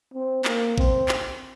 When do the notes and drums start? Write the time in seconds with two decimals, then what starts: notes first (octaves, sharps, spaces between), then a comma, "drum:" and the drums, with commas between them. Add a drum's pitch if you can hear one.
0.14 C4
0.45 A#3, drum: clap
0.78 C4, drum: kick
1.09 drum: clap